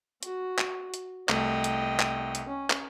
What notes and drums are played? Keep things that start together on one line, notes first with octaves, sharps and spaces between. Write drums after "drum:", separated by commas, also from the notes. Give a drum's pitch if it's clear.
F#4, drum: hi-hat
drum: clap
drum: hi-hat
C2 A3 D#5 G5, drum: clap
drum: hi-hat
drum: clap
drum: hi-hat
C#4
drum: clap